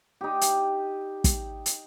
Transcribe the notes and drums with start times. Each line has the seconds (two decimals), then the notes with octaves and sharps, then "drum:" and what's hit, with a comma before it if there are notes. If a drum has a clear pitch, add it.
0.21 D#4 G4
0.41 drum: hi-hat
1.24 drum: kick, hi-hat
1.66 drum: hi-hat